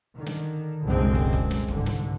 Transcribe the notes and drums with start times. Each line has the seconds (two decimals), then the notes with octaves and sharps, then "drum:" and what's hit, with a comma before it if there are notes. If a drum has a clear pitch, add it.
0.16 D3 D#3
0.26 drum: snare
0.84 C2 F#2 A#2 D3 G#3 C4
1.15 drum: kick
1.33 drum: kick
1.51 drum: snare
1.68 C2 G#2 D3, drum: kick
1.86 drum: snare